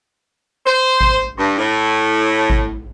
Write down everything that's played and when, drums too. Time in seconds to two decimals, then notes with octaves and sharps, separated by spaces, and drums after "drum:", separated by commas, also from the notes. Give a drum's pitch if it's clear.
0.66 C5
1.01 drum: kick G#1
1.38 G2
1.57 A2
2.50 drum: kick G#1